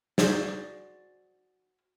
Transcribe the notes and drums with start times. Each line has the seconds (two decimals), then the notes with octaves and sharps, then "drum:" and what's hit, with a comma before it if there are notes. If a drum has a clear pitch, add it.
0.18 F#4 G#4 C5 D5, drum: snare